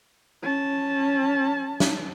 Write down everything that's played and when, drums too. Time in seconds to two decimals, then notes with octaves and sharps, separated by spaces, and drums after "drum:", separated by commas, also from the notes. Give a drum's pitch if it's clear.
0.43 C#4 A5
1.80 drum: snare